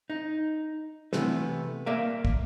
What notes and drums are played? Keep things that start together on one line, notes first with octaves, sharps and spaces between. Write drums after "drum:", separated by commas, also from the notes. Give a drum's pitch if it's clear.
D#4
C3 E3 A3 B3, drum: snare
A#3 A#4 D5 E5 F5
drum: kick